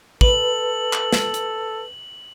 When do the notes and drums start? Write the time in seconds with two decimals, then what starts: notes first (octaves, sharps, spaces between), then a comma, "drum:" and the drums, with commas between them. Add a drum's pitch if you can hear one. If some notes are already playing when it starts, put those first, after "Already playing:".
0.21 A4 B4 F#7, drum: kick
0.93 drum: clap
1.13 drum: snare
1.34 drum: hi-hat